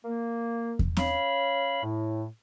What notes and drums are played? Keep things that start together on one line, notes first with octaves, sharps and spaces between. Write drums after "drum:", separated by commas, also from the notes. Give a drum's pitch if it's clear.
A#3
drum: kick E2
C#4 C#5 F5 B5, drum: snare C4
A2